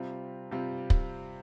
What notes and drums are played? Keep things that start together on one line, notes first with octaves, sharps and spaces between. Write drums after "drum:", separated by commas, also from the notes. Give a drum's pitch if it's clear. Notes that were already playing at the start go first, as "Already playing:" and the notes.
Already playing: C3 G3 C4 F4
C3 G3 C4 F4
drum: kick